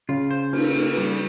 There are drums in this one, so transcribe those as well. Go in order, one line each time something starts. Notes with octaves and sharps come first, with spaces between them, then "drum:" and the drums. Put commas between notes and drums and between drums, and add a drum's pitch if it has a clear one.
C#3 F4
C5
A#3, drum: cymbal
A#3
G3